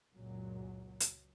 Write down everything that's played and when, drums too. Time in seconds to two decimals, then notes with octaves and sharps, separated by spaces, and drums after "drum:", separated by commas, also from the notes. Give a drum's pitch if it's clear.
0.15 F#1 C#2 A#2 F#3
1.00 drum: hi-hat